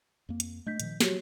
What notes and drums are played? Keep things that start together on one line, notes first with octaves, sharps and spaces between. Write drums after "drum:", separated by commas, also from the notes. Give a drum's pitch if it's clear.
F2 A#3
drum: hi-hat
A3 D4 D#5 G6 B6
A#2 D#3 F3, drum: hi-hat
F3 F#3 F#4 G4 C#5, drum: snare